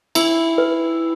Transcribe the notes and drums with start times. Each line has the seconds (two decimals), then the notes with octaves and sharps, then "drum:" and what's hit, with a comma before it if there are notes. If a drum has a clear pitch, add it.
0.15 E4, drum: cymbal
0.58 B4